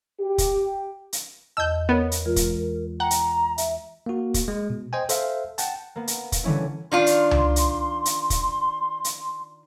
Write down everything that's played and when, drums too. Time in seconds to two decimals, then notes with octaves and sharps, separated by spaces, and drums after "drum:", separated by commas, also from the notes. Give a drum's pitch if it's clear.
0.20 G4
0.38 drum: kick, hi-hat
1.13 drum: hi-hat
1.57 E2 D#5 A5 E6 G6
1.89 B3 A#4 C#5
2.12 drum: hi-hat
2.25 E3 G#3 F4 A#4
2.36 drum: kick, hi-hat
3.00 F#5 G5 A#5
3.11 drum: hi-hat
3.58 E5, drum: hi-hat
4.06 A#3 F#4
4.34 drum: kick, hi-hat
4.48 G#3
4.70 B2
4.93 C5 D#5 G5 G#5
5.09 A4 C5 E5 F5, drum: hi-hat
5.58 F#5 G5 A5, drum: hi-hat
5.96 A#3 B3
6.07 drum: hi-hat
6.32 drum: kick, hi-hat
6.44 D3 E3 G3 C#4 E4
6.92 D#3 D4 F4 C6
7.06 drum: hi-hat
7.31 drum: tom C#2
7.56 drum: hi-hat
8.05 drum: hi-hat
8.30 drum: kick, hi-hat
9.04 drum: hi-hat